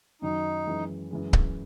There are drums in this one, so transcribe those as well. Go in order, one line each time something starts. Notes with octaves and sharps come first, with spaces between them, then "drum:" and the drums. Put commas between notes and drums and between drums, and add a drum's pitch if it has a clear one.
F#2 D#3 F#3 D#4
F#2 E3 G#3
F#2 E3 G#3
drum: kick C#1